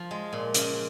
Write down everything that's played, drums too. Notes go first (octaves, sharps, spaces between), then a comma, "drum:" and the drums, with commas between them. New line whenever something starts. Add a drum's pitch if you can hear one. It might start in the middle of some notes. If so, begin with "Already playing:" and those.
Already playing: F3
G#3
A#2
C#3, drum: hi-hat